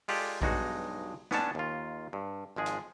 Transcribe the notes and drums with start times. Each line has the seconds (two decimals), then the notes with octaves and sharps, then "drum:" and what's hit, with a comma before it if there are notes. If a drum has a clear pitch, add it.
0.08 G#3 F4 G4 A4 D5, drum: open hi-hat
0.42 B1 G2 G#3 D#4 F#4, drum: kick A#1
1.31 B3 C#4 D4 C#5 A5, drum: snare
1.55 D#2 F4
2.13 G2
2.56 G#1 F3 G#3 G#4
2.66 drum: hi-hat